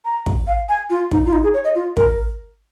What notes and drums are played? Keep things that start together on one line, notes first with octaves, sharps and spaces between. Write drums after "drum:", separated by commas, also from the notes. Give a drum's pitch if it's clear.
A#5
drum: kick
F5
G#5
F4
D#4, drum: kick
F4
D#4
G#4
C#5
D#5
F4
A#4, drum: kick